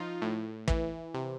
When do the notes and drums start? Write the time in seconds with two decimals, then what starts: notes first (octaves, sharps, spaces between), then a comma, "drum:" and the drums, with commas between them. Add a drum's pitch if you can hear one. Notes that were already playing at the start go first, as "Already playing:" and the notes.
Already playing: F3 D#4 F4
0.22 A2
0.68 E3, drum: kick
1.14 C3